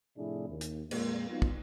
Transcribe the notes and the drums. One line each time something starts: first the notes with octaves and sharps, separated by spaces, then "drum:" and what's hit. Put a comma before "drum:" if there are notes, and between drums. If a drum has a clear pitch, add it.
A2 C3 F3 D4 E4 G#4
D#2
drum: hi-hat
F2 A#2 G#3 A#3, drum: cymbal
F#3 B3 D#4 F4
drum: kick